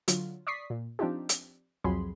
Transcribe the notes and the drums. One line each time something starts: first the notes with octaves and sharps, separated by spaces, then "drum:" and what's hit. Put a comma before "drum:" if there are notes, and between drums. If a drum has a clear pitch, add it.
D3 F#3 F4, drum: hi-hat
D5 C#6 D#6 B6 C7
A#2
F3 C4 D4 D#4 F4 G4
drum: hi-hat
C2 F2 F#3 G#4 B5 C6